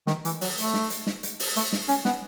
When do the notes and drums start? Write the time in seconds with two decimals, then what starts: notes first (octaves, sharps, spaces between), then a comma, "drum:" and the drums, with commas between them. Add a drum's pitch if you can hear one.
0.07 D#3, drum: snare
0.25 E3, drum: hi-hat
0.41 F#3, drum: open hi-hat
0.58 A3, drum: hi-hat
0.74 drum: snare
0.90 drum: hi-hat
1.07 drum: snare
1.23 drum: hi-hat
1.40 drum: open hi-hat
1.56 A3, drum: hi-hat
1.73 drum: snare
1.89 C#4, drum: hi-hat
2.05 B3, drum: snare